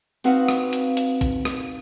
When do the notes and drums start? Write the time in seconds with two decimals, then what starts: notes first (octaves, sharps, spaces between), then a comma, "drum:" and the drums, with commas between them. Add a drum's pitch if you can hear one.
0.24 C4 D#4 F#4 B4 F5 F#5, drum: open hi-hat
0.48 drum: rim click
0.73 drum: hi-hat
0.97 drum: hi-hat
1.21 drum: kick, hi-hat
1.45 drum: rim click